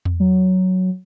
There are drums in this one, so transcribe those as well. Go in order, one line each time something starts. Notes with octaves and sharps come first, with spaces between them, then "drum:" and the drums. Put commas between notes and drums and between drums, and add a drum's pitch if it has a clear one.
drum: tom E2
F#3